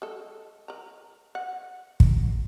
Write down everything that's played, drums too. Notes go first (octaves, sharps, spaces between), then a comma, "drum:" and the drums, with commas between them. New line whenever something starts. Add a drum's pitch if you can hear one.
G#3 A4
A#4 A#5
F#5
drum: kick